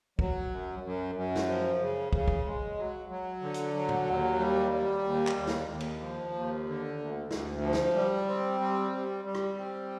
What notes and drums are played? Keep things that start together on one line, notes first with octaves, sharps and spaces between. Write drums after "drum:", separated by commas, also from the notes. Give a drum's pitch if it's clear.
F#3, drum: kick
F#2
F#2
F#2
drum: snare
F3
C#3
C#3, drum: kick
drum: kick
G#3
F#3
F#3
D3
drum: hi-hat
F#3
drum: tom A2
D#2
G3
G3
D#2
drum: clap
D#2
drum: snare
D#2
drum: cymbal
F3
D#2
D3
D2
D2, drum: snare
F3
drum: snare
G3
C4
G3
G3
G3
drum: rim click
C4